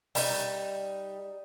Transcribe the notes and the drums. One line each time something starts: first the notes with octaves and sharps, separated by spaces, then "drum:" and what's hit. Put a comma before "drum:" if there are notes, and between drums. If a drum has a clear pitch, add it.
G3 D#4, drum: open hi-hat